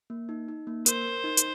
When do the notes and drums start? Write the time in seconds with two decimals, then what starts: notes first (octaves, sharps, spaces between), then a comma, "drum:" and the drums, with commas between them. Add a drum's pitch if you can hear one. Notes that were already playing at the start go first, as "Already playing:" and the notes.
0.10 A#3
0.29 D#4
0.48 D#4
0.67 A#3
0.86 A#4 C5, drum: hi-hat
1.05 A#4
1.24 D#4
1.37 drum: hi-hat